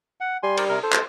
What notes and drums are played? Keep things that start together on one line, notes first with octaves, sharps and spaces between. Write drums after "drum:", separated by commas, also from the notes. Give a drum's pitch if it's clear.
F#5
G3 G#5 C6
A#4 C5 D5, drum: cymbal
C3 A#4
A4 C5
drum: clap